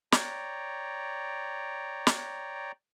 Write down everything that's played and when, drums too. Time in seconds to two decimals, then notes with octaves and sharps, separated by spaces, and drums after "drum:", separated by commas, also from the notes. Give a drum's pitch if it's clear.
0.12 C#5 D5 G5 A#5, drum: snare
2.07 drum: snare